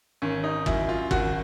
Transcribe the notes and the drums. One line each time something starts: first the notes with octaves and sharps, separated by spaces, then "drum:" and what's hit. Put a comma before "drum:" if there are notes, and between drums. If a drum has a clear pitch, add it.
G#1 C#4
D#4
F#2 E4, drum: kick
F4
G#1 F#4, drum: kick